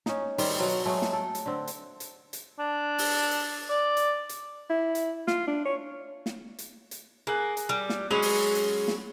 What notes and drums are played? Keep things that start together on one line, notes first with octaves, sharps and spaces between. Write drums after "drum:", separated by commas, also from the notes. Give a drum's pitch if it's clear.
C#4 D#4, drum: snare
D#3 G3 C5, drum: open hi-hat
B2 F#3 F4 F#4
drum: hi-hat
F#3 G#3 A3
drum: snare
A4 G5
drum: hi-hat
D3 C4
drum: hi-hat
drum: hi-hat
drum: hi-hat
D4
drum: open hi-hat
drum: hi-hat
D5
drum: hi-hat
drum: hi-hat
E4
drum: hi-hat
F4, drum: snare
D4
C#5
drum: snare
drum: hi-hat
drum: hi-hat
A#3 G#4 F#6
drum: hi-hat
G3
drum: snare
F#3 G#3 C#4 G#4 B5 F7
drum: open hi-hat
drum: hi-hat
drum: snare